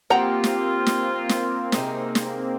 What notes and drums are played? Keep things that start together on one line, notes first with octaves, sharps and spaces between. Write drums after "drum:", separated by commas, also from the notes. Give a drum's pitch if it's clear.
F3 A#3 C4 F4 G4 F#5 G5 A#5
drum: snare
drum: snare
drum: snare
C3 D#4 G#4, drum: snare
drum: snare